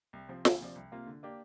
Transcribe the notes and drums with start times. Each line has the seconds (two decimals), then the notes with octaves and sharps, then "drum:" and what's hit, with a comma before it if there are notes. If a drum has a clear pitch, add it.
0.13 C2
0.29 C3 F3 C4
0.45 D2, drum: snare
0.61 C3 F3 D4
0.75 C2
0.92 C3 A#3 F4
1.07 D3
1.23 A#3 D4 G4